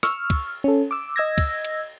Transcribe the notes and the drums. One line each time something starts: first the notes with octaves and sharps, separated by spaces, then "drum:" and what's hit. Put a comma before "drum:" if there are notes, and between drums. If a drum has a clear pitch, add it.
C#6 E6 F6, drum: rim click
drum: kick, cymbal
C#4 A4
D6 E6
D#5 E6 G#6 A#6
drum: kick, cymbal
drum: cymbal